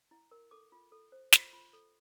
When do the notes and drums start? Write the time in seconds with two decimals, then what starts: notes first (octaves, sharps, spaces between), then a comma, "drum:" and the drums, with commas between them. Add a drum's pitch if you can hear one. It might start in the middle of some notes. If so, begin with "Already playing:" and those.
0.11 E4
0.31 A#4
0.51 A4 D6
0.72 F4
0.92 A4
1.12 C5
1.32 F4 C6, drum: snare
1.53 F4
1.73 A4